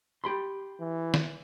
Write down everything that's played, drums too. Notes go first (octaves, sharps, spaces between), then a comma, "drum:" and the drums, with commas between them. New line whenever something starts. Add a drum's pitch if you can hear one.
G4 B5 C6
E3
drum: snare